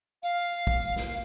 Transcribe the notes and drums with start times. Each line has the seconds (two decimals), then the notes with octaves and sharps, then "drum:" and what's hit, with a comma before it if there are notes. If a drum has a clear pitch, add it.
0.23 F5, drum: tambourine
0.38 drum: tambourine
0.52 drum: tambourine
0.67 drum: kick, tambourine
0.82 drum: tambourine
0.96 drum: snare